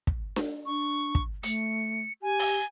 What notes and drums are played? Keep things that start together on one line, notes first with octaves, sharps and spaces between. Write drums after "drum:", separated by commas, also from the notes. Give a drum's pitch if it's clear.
drum: kick
drum: snare D4
D4 C#6
drum: kick
A3 C#7, drum: hi-hat
G4 G#5
drum: open hi-hat